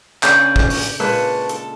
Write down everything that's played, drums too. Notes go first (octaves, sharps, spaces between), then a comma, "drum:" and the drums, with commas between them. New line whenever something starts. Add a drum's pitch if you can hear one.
C#3 A#3 C#4 D4 D5 G#5 G6, drum: clap
drum: kick
drum: open hi-hat
A#2 G#3 A#3 B4 C#5 A5 E6
A4, drum: hi-hat